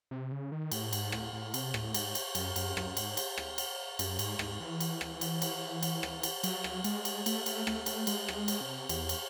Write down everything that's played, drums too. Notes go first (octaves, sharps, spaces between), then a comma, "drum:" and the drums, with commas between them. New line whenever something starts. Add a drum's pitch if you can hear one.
C3
C#3
D#3
A2, drum: cymbal
G#2, drum: cymbal
A2, drum: rim click
A2
C3, drum: cymbal
A2, drum: rim click
G#2, drum: cymbal
drum: cymbal
F#2, drum: cymbal
F#2, drum: cymbal
F#2, drum: rim click
G#2, drum: cymbal
drum: cymbal
drum: rim click
drum: cymbal
F#2, drum: cymbal
G#2, drum: cymbal
G#2, drum: rim click
E3
drum: cymbal
drum: rim click
drum: cymbal
drum: cymbal
drum: cymbal
drum: rim click
drum: cymbal
F#3, drum: cymbal
drum: rim click
G#3, drum: cymbal
drum: cymbal
A3, drum: cymbal
A3, drum: cymbal
A3, drum: rim click
A3, drum: cymbal
G#3, drum: cymbal
F#3, drum: rim click
G#3
drum: cymbal
C3
E2, drum: cymbal
drum: cymbal